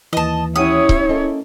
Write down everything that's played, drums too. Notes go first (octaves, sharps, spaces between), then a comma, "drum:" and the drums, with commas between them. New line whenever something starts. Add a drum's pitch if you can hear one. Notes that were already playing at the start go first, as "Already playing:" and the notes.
D#2 E3 D#5 A5
C#4 E4 G4 C#5 F#5 D#6
drum: kick C#1
A#3 C#4 A4 D#5